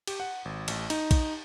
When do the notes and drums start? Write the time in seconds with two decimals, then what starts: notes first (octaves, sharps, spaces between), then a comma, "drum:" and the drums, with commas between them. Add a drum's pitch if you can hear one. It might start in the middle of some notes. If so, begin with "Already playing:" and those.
0.07 G4, drum: cymbal
0.20 F#5
0.45 G#1
0.68 A1, drum: cymbal
0.90 D#4, drum: cymbal
1.11 drum: kick B1, cymbal